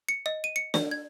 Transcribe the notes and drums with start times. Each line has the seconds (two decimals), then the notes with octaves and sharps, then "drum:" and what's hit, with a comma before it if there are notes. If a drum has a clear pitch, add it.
0.09 C#7
0.26 D#5
0.44 D#7
0.56 C#7
0.74 D5, drum: snare
0.91 G#6